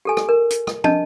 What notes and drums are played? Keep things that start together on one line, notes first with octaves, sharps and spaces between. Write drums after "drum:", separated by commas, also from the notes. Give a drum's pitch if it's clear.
G4 A4 G#5
drum: rim click
A#4
drum: hi-hat
drum: rim click
D4 D#5 A5, drum: tom